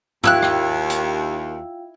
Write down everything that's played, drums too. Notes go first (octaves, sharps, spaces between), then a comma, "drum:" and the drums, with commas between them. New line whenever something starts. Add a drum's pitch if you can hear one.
D#2 E4 F4 F5 G5 E6 F#6, drum: tom
drum: rim click
drum: hi-hat